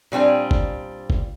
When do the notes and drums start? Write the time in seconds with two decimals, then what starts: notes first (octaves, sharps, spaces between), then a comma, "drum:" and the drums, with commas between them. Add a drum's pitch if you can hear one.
0.12 A#2 G3 C4 D4 G#5
0.51 drum: kick
1.10 drum: kick